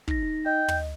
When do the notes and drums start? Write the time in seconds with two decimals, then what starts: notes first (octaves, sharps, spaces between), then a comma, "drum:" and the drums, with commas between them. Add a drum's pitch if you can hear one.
0.08 D#4 A#6, drum: kick
0.23 D#4
0.46 D#5 G5
0.68 drum: tom